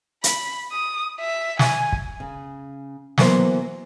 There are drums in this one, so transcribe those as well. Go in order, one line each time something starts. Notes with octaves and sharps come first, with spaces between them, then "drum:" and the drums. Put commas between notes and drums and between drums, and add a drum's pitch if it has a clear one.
B5, drum: hi-hat
D#6
E5
G#5, drum: snare
drum: kick
C#3
E3 F#3 A#3 B3 C5, drum: snare